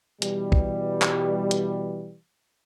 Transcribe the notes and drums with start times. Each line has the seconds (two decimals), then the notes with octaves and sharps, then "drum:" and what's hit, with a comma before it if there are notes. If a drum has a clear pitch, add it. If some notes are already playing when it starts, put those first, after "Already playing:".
0.22 B2 E3 G3, drum: hi-hat
0.52 drum: kick
1.02 drum: clap
1.51 drum: hi-hat